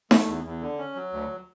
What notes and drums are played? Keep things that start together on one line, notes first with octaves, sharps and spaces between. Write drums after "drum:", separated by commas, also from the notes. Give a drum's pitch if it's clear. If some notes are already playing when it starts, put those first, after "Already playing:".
A3, drum: snare D#4
E2
E2
D3
C#4
F#3
D2